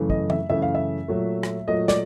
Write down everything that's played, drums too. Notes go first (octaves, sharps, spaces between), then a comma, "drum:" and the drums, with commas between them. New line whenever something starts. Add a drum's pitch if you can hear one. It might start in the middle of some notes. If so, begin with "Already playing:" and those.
Already playing: F#2 C#3 E3 A3
D#5, drum: kick
E5, drum: tom E3
F#2 C#3 E3 A3 E5
F5
E5
A#2 F#3 A3
drum: rim click
A#2 F#3 A3 D#5
D5, drum: snare